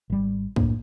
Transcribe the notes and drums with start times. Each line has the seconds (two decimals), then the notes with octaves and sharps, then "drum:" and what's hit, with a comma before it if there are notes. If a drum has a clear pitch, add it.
0.10 G#1 G3
0.56 F#1 A2 A#3 D4, drum: kick